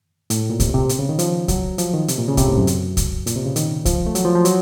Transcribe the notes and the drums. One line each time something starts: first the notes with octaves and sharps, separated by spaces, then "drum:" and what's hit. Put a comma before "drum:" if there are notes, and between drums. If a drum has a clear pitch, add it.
A2, drum: hi-hat
A#2
C3, drum: kick C2, hi-hat
C3
drum: hi-hat
C#3
D#3
F3, drum: hi-hat
F#3, drum: kick C2, hi-hat
F3, drum: hi-hat
D#3
C3, drum: hi-hat
A#2
C#3
C3, drum: kick C2, hi-hat
A2
F#2
drum: hi-hat
drum: kick C2, hi-hat
A#2, drum: hi-hat
C3
C#3
D#3, drum: hi-hat
F3, drum: kick C2, hi-hat
A3
F#3, drum: hi-hat
F3
F3
F#3, drum: hi-hat